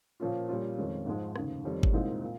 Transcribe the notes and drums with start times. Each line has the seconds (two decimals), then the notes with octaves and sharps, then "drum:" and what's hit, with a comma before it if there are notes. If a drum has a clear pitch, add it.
0.20 A#2 F3 A#3 C#4 F4
0.49 A#2 G3 C#4 F4
0.78 F2 D#3 G#3 C#4
1.06 G#1 G#2 F3 G#3
1.36 F1 D#2 C#3, drum: rim click
1.64 F2 D#3 G3 C#4
1.83 drum: kick G1
1.93 C2 A#2 G#3 C4 D#4
2.23 A#2